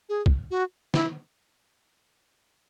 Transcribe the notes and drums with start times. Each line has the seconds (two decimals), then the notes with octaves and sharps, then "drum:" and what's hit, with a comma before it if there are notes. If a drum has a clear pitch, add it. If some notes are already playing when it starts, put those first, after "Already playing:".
0.09 G#4
0.26 drum: kick
0.51 F#4
0.94 E4, drum: snare